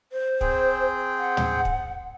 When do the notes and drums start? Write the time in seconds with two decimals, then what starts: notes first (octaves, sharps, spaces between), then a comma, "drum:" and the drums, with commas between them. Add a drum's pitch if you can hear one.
0.12 C5
0.41 C4 G#4 G5, drum: kick
1.19 F#5
1.37 drum: tom
1.65 drum: kick